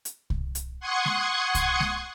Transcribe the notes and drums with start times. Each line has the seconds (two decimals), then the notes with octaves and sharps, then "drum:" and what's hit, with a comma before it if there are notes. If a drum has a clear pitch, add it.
0.05 drum: hi-hat
0.30 drum: kick C2
0.55 drum: hi-hat
0.80 F#5 C6 C#6 D#6 G#6 C#7
1.05 drum: snare G#3
1.55 drum: kick C2, hi-hat
1.80 drum: snare G#3